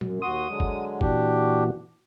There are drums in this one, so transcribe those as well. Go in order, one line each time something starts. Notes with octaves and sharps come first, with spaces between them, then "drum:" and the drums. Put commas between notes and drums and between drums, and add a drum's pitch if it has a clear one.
F#2 F#3, drum: tom A#2
D#2 F#4 C6 D#6
D3 F#3 G#3
drum: kick
A#2 E3 D4 F#4 G4, drum: kick